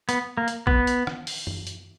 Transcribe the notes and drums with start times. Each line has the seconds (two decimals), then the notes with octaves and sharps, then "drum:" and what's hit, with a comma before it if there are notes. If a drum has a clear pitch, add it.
0.09 B3, drum: hi-hat
0.38 A#3
0.48 drum: hi-hat
0.67 B3, drum: kick
0.87 drum: hi-hat
1.07 drum: rim click
1.27 drum: open hi-hat
1.47 drum: tom
1.67 drum: hi-hat